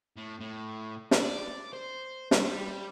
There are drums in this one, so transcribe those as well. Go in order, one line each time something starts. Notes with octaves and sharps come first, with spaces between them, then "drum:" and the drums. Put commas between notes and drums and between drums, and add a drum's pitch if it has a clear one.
A2
A2
drum: snare
D5
C5
G2, drum: snare
G3